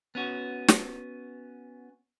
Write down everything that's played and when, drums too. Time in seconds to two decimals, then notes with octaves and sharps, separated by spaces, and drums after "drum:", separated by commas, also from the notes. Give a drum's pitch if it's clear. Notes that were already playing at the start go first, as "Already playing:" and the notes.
0.15 B3 C#4 F#4
0.68 drum: snare